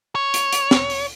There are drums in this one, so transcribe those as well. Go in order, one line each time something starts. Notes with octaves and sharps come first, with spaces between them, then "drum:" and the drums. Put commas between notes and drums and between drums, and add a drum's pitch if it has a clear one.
C#5
drum: hi-hat
drum: hi-hat
drum: snare
drum: open hi-hat